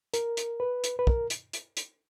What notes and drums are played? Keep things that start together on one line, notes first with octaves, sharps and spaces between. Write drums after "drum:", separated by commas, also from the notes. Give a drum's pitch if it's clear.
A#4, drum: hi-hat
drum: hi-hat
B4
drum: hi-hat
B4
A#4, drum: kick
drum: hi-hat
drum: hi-hat
drum: hi-hat